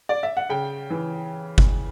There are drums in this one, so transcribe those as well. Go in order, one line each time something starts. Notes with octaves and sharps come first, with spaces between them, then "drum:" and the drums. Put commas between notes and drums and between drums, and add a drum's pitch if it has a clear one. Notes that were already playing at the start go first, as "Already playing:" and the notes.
D5
E5
F#5
C#3 G5
E3
drum: kick G1